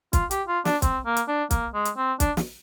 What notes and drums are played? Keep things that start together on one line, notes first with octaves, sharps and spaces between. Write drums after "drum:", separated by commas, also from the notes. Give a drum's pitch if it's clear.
F4, drum: kick, hi-hat
G4, drum: hi-hat
F4
D4, drum: snare
C4, drum: kick, hi-hat
A#3
drum: hi-hat
D4
A#3, drum: kick, hi-hat
G#3
drum: hi-hat
C4
D4, drum: kick, hi-hat
drum: snare